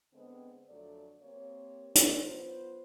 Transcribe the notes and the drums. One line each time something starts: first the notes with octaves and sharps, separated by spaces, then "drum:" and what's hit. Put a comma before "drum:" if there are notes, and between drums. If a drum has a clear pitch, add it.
D3 G#3 B3 C4
F2 D3 F#3 A3 D5
A#3 C4 G4 C#5
drum: hi-hat
F#3 B3 F4 C5